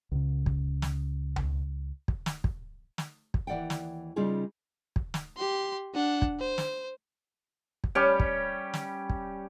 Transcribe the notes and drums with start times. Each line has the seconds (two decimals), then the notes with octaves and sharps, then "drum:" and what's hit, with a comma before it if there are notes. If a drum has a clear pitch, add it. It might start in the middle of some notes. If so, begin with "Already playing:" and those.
0.12 C#2 C#3
0.46 drum: kick
0.82 drum: snare
1.36 drum: tom C#2
2.08 drum: kick
2.26 drum: snare
2.44 drum: kick
2.98 drum: snare
3.34 drum: kick
3.47 D#2 E3 D5 F#5 G5
3.70 drum: snare
4.16 C#3 G3 C#4 D#4 F4 G#4
4.96 drum: kick
5.14 drum: snare
5.38 G4 C6
5.94 D4 F#5
6.22 drum: kick
6.40 C5
6.58 drum: snare
7.84 drum: kick
7.95 G3 C#4 G4
8.20 drum: kick
8.74 drum: snare
9.10 drum: kick